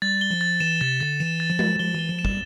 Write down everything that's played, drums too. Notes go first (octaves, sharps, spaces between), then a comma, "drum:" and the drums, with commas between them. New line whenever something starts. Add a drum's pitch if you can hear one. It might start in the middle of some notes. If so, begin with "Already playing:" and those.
G3 A6
G7
F3
A6
E3 E7
C3 A6
D3 A6
E3 E7
A6
F3
A6, drum: tom G#3
F3 G7
E3 G7
F3
E7
G3, drum: kick